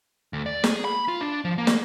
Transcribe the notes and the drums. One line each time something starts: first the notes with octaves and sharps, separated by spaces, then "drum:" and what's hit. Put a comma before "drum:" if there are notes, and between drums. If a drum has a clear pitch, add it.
D2
D5
G#4, drum: snare
B5
F4
D4
F3
A#3
drum: snare